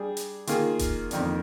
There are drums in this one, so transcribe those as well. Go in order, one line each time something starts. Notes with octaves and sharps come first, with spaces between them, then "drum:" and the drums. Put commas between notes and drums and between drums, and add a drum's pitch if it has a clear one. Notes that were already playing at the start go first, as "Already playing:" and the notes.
Already playing: G3 D4 G#4
drum: hi-hat
D#3 A#3 F4 G#4, drum: hi-hat
drum: kick E1, hi-hat
F2 D#3 A#3 D4, drum: hi-hat